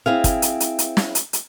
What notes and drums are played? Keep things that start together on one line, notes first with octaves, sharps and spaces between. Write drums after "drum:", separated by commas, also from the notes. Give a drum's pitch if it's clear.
C4 E4 G#4 F5
drum: kick, hi-hat
drum: hi-hat
drum: hi-hat
drum: hi-hat
drum: snare
drum: hi-hat
drum: hi-hat